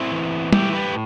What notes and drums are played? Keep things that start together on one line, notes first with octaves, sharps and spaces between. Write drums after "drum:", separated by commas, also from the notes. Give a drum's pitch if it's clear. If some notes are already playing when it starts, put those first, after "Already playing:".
Already playing: A2 C4 E4
E3
A2 E4 G4, drum: tom G3
G4 B4